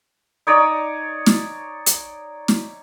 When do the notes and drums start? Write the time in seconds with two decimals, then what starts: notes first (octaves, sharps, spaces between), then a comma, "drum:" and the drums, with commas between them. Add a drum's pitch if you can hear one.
0.47 D#4 C#5 D5 D#6
1.26 drum: snare
1.86 drum: hi-hat
2.48 drum: snare